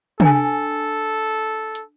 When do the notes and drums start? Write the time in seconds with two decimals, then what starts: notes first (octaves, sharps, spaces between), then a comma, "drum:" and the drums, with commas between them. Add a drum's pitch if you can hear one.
0.20 D4 A4 G#5, drum: tom
1.75 drum: hi-hat